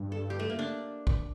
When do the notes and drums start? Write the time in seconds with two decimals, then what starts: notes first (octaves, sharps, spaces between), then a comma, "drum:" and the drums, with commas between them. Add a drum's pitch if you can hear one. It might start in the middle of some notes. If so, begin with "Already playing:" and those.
Already playing: G2
0.12 A4
0.30 G4
0.40 A3
0.50 A#3
0.59 D4
1.07 drum: kick